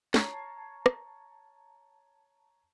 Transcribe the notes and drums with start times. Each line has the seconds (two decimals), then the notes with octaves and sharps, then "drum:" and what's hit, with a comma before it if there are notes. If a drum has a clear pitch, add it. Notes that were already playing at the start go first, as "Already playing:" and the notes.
0.14 C#5 A5 A#5 C#6 G#6 C7, drum: snare
0.86 drum: rim click